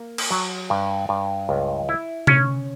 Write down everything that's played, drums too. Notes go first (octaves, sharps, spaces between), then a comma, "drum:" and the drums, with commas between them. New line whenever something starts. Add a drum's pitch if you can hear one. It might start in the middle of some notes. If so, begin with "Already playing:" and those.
Already playing: A#3
drum: cymbal
F#3
G2
G2
C#2
E4
C#4, drum: tom C3